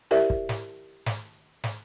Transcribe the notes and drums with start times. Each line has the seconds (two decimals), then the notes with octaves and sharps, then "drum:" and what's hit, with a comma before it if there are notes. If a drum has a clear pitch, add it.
0.11 E4 G4 A#4 C5 D5 E5
0.30 drum: kick
0.49 drum: snare
1.06 drum: snare
1.64 drum: snare